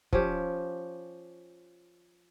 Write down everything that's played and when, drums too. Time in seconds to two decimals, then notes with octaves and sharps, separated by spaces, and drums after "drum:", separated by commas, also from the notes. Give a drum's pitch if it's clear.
0.13 F3 C#4 G4, drum: kick